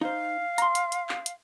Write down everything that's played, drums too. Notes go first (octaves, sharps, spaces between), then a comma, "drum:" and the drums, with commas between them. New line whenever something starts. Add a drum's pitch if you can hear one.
D#4 C5 F5
A#5 C6, drum: hi-hat
drum: hi-hat
drum: hi-hat
drum: clap
drum: hi-hat